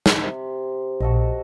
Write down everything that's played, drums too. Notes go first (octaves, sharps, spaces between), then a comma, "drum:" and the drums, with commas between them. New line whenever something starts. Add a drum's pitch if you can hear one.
drum: snare
C3
A#1 F#4 A4 D#5